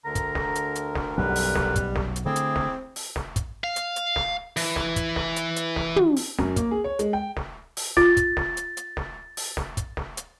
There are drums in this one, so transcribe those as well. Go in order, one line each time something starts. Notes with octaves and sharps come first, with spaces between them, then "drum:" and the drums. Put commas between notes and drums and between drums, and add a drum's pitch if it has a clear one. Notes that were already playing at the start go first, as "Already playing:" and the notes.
D2 D3 A#4 A#5
drum: kick, hi-hat
drum: snare
drum: hi-hat
drum: hi-hat
drum: snare
B1 F#2 B2 G3 B4
drum: open hi-hat
drum: snare
drum: kick, hi-hat
drum: snare
drum: hi-hat
D3 A3 C4 E4 G#4 D6
drum: hi-hat
drum: snare
drum: open hi-hat
drum: snare
drum: kick, hi-hat
F5
drum: hi-hat
drum: hi-hat
drum: snare
E3, drum: open hi-hat
drum: snare
drum: kick, hi-hat
drum: snare
drum: hi-hat
drum: hi-hat
drum: snare
drum: tom
drum: open hi-hat
F#2, drum: snare
A#3, drum: kick, hi-hat
G#4
C#5
G#3, drum: hi-hat
G5
drum: snare
drum: open hi-hat
F4 A6, drum: snare
drum: kick, hi-hat
drum: snare
drum: hi-hat
drum: hi-hat
drum: snare
drum: open hi-hat
drum: snare
drum: kick, hi-hat
drum: snare
drum: hi-hat